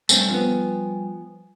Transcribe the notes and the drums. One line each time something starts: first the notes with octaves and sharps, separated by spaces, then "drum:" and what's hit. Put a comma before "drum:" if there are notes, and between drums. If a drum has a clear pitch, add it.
G3 A3 C4 D4 G#5, drum: tambourine
F3 B3